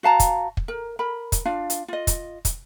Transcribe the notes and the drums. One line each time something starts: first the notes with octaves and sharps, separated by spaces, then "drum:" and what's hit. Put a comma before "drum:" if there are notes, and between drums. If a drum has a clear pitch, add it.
F#4 F5 A5 A#5
drum: kick, hi-hat
drum: kick
A#4
A#4 B5
drum: kick, hi-hat
D4 F4 F5
drum: hi-hat
F4 D#5
drum: kick, hi-hat
drum: kick, hi-hat